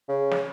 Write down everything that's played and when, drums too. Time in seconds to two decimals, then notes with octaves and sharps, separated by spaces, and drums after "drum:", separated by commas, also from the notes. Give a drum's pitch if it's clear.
0.09 C#3
0.31 drum: snare